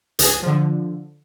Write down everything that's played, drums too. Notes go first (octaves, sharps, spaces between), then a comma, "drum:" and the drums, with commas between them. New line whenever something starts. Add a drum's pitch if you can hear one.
C#2 G#4, drum: hi-hat
D3 F3